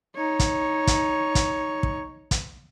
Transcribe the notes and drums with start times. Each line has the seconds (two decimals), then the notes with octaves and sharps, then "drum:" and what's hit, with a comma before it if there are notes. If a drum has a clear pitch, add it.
0.16 D#4 C#5
0.40 drum: kick, hi-hat
0.87 drum: kick, hi-hat
1.35 drum: kick, hi-hat
1.83 drum: kick
2.31 drum: kick, hi-hat